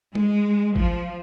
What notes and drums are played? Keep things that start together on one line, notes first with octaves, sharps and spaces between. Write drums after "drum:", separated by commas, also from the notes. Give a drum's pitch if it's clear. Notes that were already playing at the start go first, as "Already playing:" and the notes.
G#3, drum: tom G3
F3, drum: kick G#1